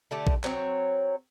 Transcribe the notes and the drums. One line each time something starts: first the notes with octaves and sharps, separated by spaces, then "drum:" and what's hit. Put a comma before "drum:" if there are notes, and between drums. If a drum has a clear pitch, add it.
D3 A3 G4 A4
drum: kick A#1
F#3 C4 C#5, drum: clap